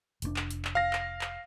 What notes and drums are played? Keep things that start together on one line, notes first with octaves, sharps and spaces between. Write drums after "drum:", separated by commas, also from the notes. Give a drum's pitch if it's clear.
F1 A#2 D4, drum: hi-hat
drum: clap
drum: hi-hat
drum: clap
F5 A#6
drum: clap
drum: clap